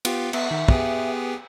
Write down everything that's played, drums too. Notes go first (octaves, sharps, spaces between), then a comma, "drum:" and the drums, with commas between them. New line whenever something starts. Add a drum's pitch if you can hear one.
B3 F4 G4, drum: cymbal
B3 E5, drum: cymbal
D#3
B3 G4 G#4, drum: kick